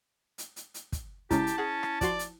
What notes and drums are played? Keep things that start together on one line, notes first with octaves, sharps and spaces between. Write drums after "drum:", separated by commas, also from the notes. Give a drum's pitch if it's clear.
drum: hi-hat
drum: hi-hat
drum: hi-hat
drum: kick, hi-hat
C#3 G#3 C#4 E4 G4 A5, drum: kick, hi-hat
drum: hi-hat
C#4 G#4 F#5
drum: rim click
F3 F#4 D5 C6, drum: kick, hi-hat
drum: hi-hat